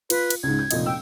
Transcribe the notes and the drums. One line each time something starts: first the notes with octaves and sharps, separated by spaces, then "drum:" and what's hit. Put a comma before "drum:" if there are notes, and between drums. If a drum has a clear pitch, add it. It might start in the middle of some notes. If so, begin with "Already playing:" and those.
F4 B4, drum: cymbal
drum: cymbal
C#2 G#2 G#6
G6
F1 A#2 D#5, drum: cymbal
G5 E6